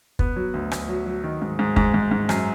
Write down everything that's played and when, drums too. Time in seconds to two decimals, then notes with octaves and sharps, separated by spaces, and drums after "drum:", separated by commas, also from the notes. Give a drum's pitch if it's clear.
0.19 B3, drum: kick
0.36 F#3
0.54 D2
0.71 D2, drum: rim click
0.89 F#3
1.06 F#3
1.24 D#3
1.42 G#2
1.59 G#2
1.76 G#2, drum: kick
1.94 G#2
2.11 G#2
2.29 F#2, drum: rim click